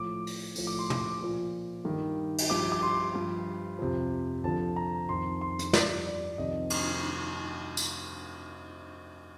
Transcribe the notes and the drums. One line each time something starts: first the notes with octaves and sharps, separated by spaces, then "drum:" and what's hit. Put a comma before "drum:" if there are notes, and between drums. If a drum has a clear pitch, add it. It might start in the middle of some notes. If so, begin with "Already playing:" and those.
Already playing: A2 F3 D6
drum: open hi-hat
A2 F3, drum: open hi-hat
D6
C6
D6, drum: tom
A#2 F3
G2 D#3
drum: cymbal
G2 F3 D6
D6
C6
G2 F3
F2 C3 F3
F2 D3 F3 A5
A#5
F2 D#3 C6
C6
drum: hi-hat
G2 F3 D5, drum: snare
D5
F2 C3 D#3 D#5
drum: cymbal
drum: tambourine